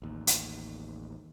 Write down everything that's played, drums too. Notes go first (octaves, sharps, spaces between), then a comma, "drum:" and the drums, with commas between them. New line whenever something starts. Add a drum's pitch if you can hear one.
A1 D#2
drum: hi-hat